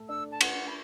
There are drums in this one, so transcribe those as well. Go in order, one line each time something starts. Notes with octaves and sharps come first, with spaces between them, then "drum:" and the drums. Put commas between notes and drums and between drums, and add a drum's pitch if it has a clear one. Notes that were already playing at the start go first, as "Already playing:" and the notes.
Already playing: A3 A4
D4 E6
A5
B4 F#5, drum: cymbal
B5